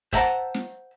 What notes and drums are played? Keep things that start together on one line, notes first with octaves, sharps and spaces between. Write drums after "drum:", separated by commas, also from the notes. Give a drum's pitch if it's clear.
C5 E5 F#5 A5 A#5, drum: kick, hi-hat
drum: snare